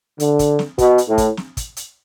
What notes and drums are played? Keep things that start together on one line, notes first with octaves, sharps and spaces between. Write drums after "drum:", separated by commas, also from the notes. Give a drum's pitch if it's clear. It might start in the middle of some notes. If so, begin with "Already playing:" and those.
D3, drum: hi-hat
drum: kick, hi-hat
drum: snare
B2, drum: kick, hi-hat
drum: hi-hat
A2
drum: kick, hi-hat
drum: snare
drum: kick, hi-hat
drum: hi-hat